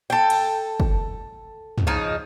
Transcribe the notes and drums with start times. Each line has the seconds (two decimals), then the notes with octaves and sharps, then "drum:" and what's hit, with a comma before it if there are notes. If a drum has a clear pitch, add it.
0.10 A4 G5
0.30 drum: cymbal
0.80 drum: kick
1.78 drum: tom
1.87 C#3 F3 D#4